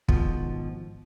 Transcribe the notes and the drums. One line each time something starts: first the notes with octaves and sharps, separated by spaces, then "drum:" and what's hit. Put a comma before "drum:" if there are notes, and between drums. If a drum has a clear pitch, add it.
G#1 B2 F3, drum: kick